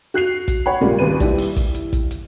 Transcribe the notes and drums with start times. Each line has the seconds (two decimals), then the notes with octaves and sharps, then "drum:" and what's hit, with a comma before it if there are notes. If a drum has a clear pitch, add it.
0.14 F#4 F#6 C7 F7
0.48 drum: kick, hi-hat
0.66 C#5 F#5 B5
0.81 F2 A#2 C#3 G3 G#3 A#3
0.99 G#1 D#2 C3 B4 D#7
1.20 G3 E4, drum: kick, hi-hat
1.38 drum: open hi-hat
1.56 drum: kick, hi-hat
1.74 drum: hi-hat
1.93 drum: kick, hi-hat
2.11 drum: hi-hat